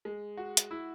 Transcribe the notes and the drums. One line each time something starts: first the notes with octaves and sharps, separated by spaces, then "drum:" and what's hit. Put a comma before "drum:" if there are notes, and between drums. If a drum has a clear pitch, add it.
G#3
F#4
drum: hi-hat
E4